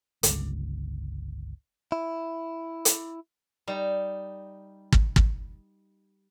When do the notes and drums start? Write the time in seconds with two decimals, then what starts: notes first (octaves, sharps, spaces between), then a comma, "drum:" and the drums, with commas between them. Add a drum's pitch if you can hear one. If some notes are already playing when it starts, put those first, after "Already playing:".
0.23 G1 C#2, drum: hi-hat
1.92 E4
2.85 drum: hi-hat
3.68 G3 D#4
4.92 drum: kick
5.16 drum: kick